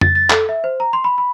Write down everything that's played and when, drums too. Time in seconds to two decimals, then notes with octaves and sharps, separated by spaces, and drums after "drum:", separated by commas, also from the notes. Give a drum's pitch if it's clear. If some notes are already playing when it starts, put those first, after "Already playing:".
0.01 A6, drum: tom F2
0.15 A6
0.30 A4, drum: clap
0.49 E5
0.64 C5
0.80 A#5
0.93 C6
1.04 B5
1.18 B5